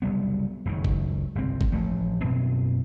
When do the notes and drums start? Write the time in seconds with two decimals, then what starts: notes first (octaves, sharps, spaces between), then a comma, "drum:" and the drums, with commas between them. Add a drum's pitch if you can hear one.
0.02 F#1 C2 G3 B3
0.65 F#1 C#2 F#2 D#3
0.84 drum: kick F#1
1.35 G1 C2 G#3 C4
1.61 drum: kick F#1
1.72 A1 F3 A3
2.24 F#2 B2 C4